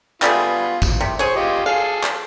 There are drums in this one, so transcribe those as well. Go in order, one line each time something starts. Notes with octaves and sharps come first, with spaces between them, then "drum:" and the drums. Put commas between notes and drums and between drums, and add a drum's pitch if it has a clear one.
G3 A3 B3 F4 G#4, drum: clap
drum: kick, tambourine
C3
G#4 C5 C#5
F4 G4 D#5
G#4 A4 F5
F3, drum: clap